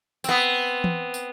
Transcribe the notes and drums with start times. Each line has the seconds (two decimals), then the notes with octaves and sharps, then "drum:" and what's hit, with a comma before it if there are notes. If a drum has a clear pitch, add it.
0.24 B3 C4, drum: tambourine
0.84 drum: tom E3
1.14 drum: tambourine